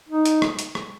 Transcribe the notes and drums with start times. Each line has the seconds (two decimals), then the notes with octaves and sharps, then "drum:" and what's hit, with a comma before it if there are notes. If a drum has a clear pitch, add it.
0.09 D#4
0.25 drum: hi-hat
0.42 drum: rim click
0.59 drum: hi-hat
0.75 drum: rim click